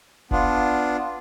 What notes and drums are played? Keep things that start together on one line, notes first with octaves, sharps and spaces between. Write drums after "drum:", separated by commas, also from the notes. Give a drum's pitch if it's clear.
B3 D4 F4, drum: kick F1